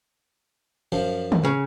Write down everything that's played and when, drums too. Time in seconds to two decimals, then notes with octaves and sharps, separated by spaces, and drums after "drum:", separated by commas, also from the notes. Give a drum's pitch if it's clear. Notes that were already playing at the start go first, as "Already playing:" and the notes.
0.92 F#2 F3
1.32 drum: tom
1.45 C#3